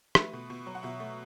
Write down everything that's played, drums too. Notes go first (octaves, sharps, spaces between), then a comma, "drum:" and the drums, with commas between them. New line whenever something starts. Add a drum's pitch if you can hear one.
A3 B4, drum: rim click
B2
B2
F#3
F#5
B2 E5
A3